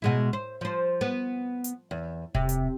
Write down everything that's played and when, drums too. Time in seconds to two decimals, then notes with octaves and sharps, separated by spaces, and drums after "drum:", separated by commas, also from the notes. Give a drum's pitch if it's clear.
0.02 B2 G#3 E4
0.33 C5
0.61 F3 C5
1.01 B3
1.64 drum: hi-hat
1.91 E2
2.35 C3, drum: kick E1
2.49 drum: hi-hat